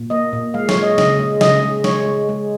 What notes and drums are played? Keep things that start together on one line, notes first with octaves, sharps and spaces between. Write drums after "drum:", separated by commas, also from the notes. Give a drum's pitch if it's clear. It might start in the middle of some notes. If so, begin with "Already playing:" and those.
Already playing: A#2
A#3 D#5
A#2
G#3 F5
C#5, drum: snare
G#3
D#5
C#3 D#5, drum: snare
G#3
C#3 D#5, drum: snare
G#3
G#3 C#5, drum: snare
G#3
G#3